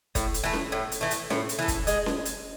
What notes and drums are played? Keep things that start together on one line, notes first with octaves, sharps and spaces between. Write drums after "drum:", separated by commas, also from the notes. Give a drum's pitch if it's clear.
A2, drum: kick, hi-hat
drum: hi-hat
E3 A3
drum: snare C#4
A2
drum: hi-hat
E3 A3
drum: hi-hat
A2, drum: snare C#4
drum: hi-hat
E3 A3
drum: kick, hi-hat
G#3, drum: hi-hat
drum: snare C#4
drum: hi-hat